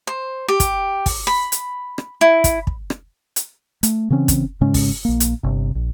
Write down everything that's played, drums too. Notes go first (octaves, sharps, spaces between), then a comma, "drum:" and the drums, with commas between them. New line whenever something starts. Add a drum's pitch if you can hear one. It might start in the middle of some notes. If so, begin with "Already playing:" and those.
C5
G4
drum: kick, hi-hat
drum: kick, open hi-hat
B5
drum: hi-hat
drum: rim click
E4
drum: kick, hi-hat
drum: kick
drum: rim click
drum: hi-hat
A3, drum: hi-hat
C#3 E3 C4 C#4
drum: kick, hi-hat
G#2 C#3 G#3 C#4
drum: kick, open hi-hat
A#1 A#3
drum: hi-hat
G1 C3
A#1